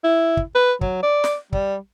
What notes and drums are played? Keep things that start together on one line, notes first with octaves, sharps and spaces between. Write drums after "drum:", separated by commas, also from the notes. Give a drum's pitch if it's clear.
E4
drum: kick
B4
F#3, drum: kick
D5
drum: snare
G3, drum: kick